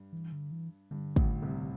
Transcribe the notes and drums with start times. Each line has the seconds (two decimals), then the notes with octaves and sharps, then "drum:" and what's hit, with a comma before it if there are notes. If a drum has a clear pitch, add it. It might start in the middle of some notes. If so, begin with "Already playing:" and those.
Already playing: G2
0.13 E3
0.32 D3
0.51 E3
0.91 G2 D3
1.16 A1 A2, drum: kick
1.42 C2 C3
1.57 D3